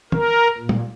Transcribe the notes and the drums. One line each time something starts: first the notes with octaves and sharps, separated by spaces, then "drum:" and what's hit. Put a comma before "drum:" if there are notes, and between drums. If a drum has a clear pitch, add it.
A#4, drum: tom
A#2
drum: tom